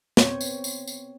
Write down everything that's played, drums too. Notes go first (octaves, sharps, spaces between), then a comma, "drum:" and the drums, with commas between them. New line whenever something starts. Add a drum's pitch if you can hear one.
B3 C4 C5 C#5, drum: snare
drum: tambourine
drum: tambourine
drum: tambourine